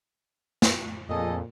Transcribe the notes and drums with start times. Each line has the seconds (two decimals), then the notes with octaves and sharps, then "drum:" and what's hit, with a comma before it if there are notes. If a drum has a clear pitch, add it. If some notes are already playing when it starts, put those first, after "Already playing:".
0.62 drum: snare
1.09 F2 A#2 G#4 A4 D#5